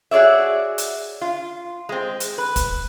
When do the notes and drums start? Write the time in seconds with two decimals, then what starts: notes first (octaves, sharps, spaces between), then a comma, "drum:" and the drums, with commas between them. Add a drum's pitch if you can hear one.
0.11 F#4 G#4 C#5 D5 E5
0.78 drum: hi-hat
1.21 F4
1.89 G#3 C4
2.20 drum: hi-hat
2.38 B4
2.56 drum: kick, hi-hat